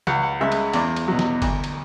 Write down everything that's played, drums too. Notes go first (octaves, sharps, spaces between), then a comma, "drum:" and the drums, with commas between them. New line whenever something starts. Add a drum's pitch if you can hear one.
C#2 F#5, drum: snare
F#5
C#3 G#3 E5
drum: cymbal
E2 D5, drum: cymbal
drum: cymbal
B2 F#3
drum: snare
D2, drum: kick F#1, cymbal
drum: cymbal